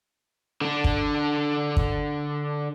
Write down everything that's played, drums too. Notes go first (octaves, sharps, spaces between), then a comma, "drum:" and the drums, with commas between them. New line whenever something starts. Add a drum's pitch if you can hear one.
D3 D4
drum: kick
drum: kick